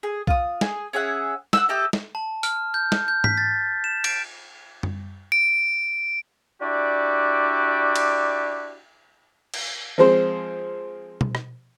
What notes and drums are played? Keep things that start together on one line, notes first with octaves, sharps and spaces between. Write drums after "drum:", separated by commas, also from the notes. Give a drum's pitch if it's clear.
G#4
F4 D#6, drum: kick B1
G#4, drum: snare
C#4 G#4 E5 F#5
F#5 G5 E6, drum: snare
G4 A4 D#5 E5
drum: snare
A5
F6, drum: hi-hat
G6
drum: snare
G6
B6, drum: tom G#2
A6
E7
D7, drum: cymbal
drum: tom F#2
D7
D4 E4 F#4 G4 D5
drum: cymbal
drum: cymbal
F3 G#3 C4 C5
drum: tom B2
drum: rim click